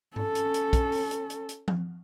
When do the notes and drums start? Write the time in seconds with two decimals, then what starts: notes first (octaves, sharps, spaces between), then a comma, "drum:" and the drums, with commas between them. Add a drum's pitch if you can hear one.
0.16 C#4 A4, drum: tom G#2
0.35 drum: hi-hat
0.54 drum: hi-hat
0.73 drum: kick, hi-hat
0.92 drum: open hi-hat
1.11 drum: hi-hat
1.30 drum: hi-hat
1.49 drum: hi-hat
1.68 drum: tom F3